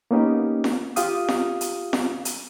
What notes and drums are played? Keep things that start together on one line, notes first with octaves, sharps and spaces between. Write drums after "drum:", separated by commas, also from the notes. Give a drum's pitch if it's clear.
A#3 B3 C#4 D#4 G4
drum: snare
F4 G4 F5 D#6, drum: hi-hat
drum: snare
drum: hi-hat
drum: snare
drum: hi-hat